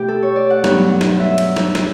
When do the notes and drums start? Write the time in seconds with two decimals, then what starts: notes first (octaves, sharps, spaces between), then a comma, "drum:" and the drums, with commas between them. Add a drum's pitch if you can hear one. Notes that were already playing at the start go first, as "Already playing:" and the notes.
Already playing: B2 A3 G4
0.08 A4
0.22 C#5
0.36 D5
0.50 F#5
0.64 G2 F#3 B3 F#5, drum: snare
1.01 drum: snare
1.20 E5
1.38 drum: cymbal
1.56 drum: snare
1.75 drum: snare